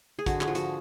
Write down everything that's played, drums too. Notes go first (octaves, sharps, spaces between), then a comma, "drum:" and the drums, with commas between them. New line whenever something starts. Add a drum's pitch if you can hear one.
G#4
D3 F#4, drum: kick, hi-hat
G#4, drum: clap
F3
F#4, drum: hi-hat